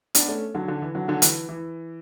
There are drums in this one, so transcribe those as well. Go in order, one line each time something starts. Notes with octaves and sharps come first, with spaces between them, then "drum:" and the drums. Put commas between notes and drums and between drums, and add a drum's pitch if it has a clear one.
B3 D4, drum: hi-hat
A3 C#4
D3 F#3
D3
E3
D3 F#3
D3 F#3
E3, drum: hi-hat
E3